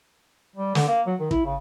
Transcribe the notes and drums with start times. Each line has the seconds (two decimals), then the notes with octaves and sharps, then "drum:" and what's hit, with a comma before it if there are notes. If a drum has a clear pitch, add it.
0.56 G3
0.75 D3, drum: snare
0.88 A#3
1.07 F#3
1.19 D#3
1.31 E4, drum: kick
1.45 C#3